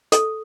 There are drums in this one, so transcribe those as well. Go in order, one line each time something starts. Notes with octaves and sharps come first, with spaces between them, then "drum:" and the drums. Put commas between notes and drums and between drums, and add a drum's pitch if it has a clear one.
A4, drum: hi-hat